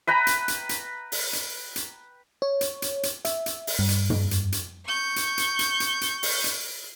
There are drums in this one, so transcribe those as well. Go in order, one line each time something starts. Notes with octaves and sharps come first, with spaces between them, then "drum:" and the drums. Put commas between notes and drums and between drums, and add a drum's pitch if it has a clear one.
B4 G5 A#5 B5
drum: hi-hat
drum: hi-hat
drum: hi-hat
drum: open hi-hat
drum: hi-hat
drum: hi-hat
C#5
drum: hi-hat
drum: hi-hat
drum: hi-hat
E5, drum: hi-hat
drum: hi-hat
drum: open hi-hat
G2
drum: hi-hat
drum: tom
drum: hi-hat
drum: hi-hat
C#6 G6
drum: hi-hat
drum: hi-hat
drum: hi-hat
drum: hi-hat
drum: hi-hat
drum: open hi-hat
drum: hi-hat